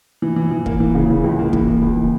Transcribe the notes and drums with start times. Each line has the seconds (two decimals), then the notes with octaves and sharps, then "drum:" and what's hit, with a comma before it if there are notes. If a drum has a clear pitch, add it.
0.22 E3
0.36 E3
0.51 E3
0.66 A#3, drum: kick
0.80 E3
0.95 C#3
1.10 E3
1.24 C#2
1.39 A#3
1.53 E3, drum: kick
1.68 A#3
1.82 C#2
1.97 E3